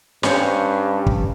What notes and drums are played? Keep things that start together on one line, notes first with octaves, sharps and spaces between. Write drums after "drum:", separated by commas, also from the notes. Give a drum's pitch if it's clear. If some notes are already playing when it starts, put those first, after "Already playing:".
G2 C#4 C5, drum: snare
drum: kick